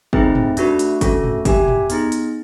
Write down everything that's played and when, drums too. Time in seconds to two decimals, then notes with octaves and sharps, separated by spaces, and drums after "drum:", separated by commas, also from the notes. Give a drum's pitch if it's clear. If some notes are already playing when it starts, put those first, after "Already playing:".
0.13 A3 C4 D#4 G#4 B4, drum: kick
0.35 drum: tom
0.57 A3 D4 F#4 B4, drum: hi-hat
0.79 drum: hi-hat
1.01 A3 C#4 F#4 A4, drum: kick, hi-hat
1.24 drum: tom
1.45 G4 B4 E5 G#5, drum: kick, hi-hat
1.68 drum: tom
1.90 B3 D#4 G#4, drum: hi-hat
2.12 drum: hi-hat